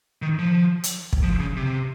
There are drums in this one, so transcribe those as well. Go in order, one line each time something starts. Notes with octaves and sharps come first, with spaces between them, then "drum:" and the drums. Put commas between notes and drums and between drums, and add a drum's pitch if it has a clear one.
D#3
F3
drum: hi-hat
drum: kick
F3
C#3
C3